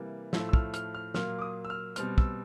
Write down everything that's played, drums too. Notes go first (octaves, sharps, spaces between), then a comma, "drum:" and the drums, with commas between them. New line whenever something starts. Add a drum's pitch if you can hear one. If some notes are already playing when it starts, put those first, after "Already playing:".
Already playing: C3 E3 G3 A#3
A2 F3 A3 E6, drum: snare
E6
F6, drum: kick
F6, drum: hi-hat
F6
A#2 F#3 A#3 F6, drum: snare
D6
D#6
E6
F6
B2 G3 C4 F6, drum: hi-hat
E6, drum: kick